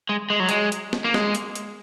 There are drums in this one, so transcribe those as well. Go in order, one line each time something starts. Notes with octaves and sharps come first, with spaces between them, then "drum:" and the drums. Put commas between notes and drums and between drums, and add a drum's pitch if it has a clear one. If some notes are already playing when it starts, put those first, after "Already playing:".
G#3
G#3
F#3
G#3, drum: hi-hat
drum: hi-hat
drum: snare
A#3
G#3, drum: snare
drum: hi-hat
drum: hi-hat